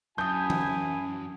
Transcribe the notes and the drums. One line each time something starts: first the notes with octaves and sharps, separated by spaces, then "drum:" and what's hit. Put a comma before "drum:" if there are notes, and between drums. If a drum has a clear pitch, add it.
F#2 E4 G#5 A5 D#6 G6
drum: tom E3